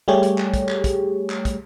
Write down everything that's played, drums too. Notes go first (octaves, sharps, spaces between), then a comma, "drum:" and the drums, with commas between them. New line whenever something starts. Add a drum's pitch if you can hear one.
G3 A3 G4 G#4 C#5
drum: hi-hat
drum: clap
drum: kick, hi-hat
drum: clap
drum: kick, hi-hat
drum: clap
drum: kick, hi-hat